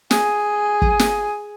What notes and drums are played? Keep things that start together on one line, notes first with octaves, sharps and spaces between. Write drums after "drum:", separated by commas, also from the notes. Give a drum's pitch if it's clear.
G#4, drum: snare
drum: kick
drum: snare